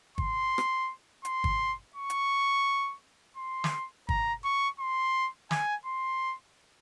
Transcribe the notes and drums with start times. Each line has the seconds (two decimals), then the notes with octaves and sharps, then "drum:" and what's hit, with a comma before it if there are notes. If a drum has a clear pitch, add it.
0.18 C6, drum: kick
0.58 drum: rim click
1.25 C6, drum: hi-hat
1.44 drum: kick
1.96 C#6
2.10 drum: hi-hat
3.37 C6
3.64 drum: snare
4.09 A#5, drum: kick
4.44 C#6
4.80 C6
5.51 G#5, drum: snare
5.86 C6